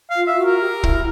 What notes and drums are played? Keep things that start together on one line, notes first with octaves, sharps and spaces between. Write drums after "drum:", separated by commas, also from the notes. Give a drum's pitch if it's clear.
F5
F4
E5
F#4
A#4
G4
E4, drum: kick